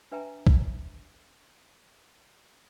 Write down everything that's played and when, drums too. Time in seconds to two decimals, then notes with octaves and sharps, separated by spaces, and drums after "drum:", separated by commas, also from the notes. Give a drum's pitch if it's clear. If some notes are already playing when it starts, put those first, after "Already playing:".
0.12 D4 B4 E5 G5 G#5 A#5
0.47 drum: kick